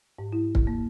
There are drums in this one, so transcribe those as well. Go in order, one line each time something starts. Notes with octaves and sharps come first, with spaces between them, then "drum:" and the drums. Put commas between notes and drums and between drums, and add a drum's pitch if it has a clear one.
G#2
E4
drum: kick
A#3